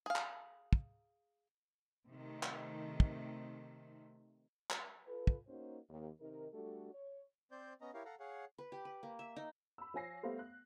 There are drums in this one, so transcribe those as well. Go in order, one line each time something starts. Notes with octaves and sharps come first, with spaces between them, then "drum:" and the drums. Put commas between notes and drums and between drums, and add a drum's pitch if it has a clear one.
G#4 F5
drum: clap
drum: kick
C3 D#3 A3
drum: clap
drum: kick
drum: clap
F4 A4 B4
drum: kick
A#3 C#4 D#4 F#4 C5
D#2
C3 D#3 D#4 A#4
G3 A3 D4 F#4 A4
C#5
C4 C5 D5 G6
B3 C#4 D#5 A#5
E4 G4 A#4 C#5 F5
A4 F5 F#5 A#5
G#4 C#5 F5 F#5
B4
G4
B4
A#3
E5
D#4
B5 E6
F3 C#5 G#5 A#6 C7
G3 A3 B3 C5 F5
F#6